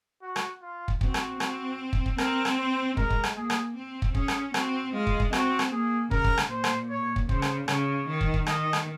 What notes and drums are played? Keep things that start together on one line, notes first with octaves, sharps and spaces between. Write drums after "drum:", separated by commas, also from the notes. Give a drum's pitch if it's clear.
F#4
drum: rim click
F4
drum: kick
C4 F#4, drum: kick
drum: rim click
C4, drum: rim click
drum: kick
drum: kick
C4 A#4, drum: rim click
drum: rim click
C5
G#3 A#4, drum: kick
drum: kick
drum: rim click
A#3 G#4
drum: rim click
C4
drum: kick
C#4 G#4, drum: kick
drum: rim click
C4 F#4, drum: rim click
G#3 F4
drum: kick
drum: kick
C4 F#4, drum: rim click
drum: rim click
A#3 G#4
C#3 A#4, drum: kick
drum: kick
drum: rim click
A#2 C5
drum: rim click
C#5
drum: kick
C#3 C5, drum: kick
drum: rim click
C#3 C#5, drum: rim click
D#3
drum: kick
drum: kick
D#3 D#5, drum: rim click
drum: rim click